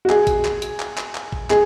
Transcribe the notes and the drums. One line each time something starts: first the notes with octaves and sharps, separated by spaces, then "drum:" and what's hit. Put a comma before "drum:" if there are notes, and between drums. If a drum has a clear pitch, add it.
F#4
G#4, drum: clap
drum: kick A1, hi-hat
drum: clap
drum: hi-hat
drum: clap
drum: clap
drum: clap
drum: kick A1
G#4, drum: clap